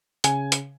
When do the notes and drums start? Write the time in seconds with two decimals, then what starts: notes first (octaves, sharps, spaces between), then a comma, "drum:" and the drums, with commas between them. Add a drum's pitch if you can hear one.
0.24 C#3 G#5, drum: hi-hat
0.52 drum: hi-hat